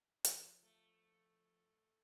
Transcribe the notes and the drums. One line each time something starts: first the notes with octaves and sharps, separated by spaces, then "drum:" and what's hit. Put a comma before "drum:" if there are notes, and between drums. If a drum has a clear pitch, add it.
F3, drum: hi-hat
A3